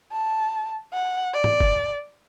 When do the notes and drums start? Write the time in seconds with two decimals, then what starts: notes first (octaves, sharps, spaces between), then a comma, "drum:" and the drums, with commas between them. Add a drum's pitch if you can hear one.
0.12 A5
0.93 F#5
1.34 D5
1.44 drum: tom
1.60 drum: kick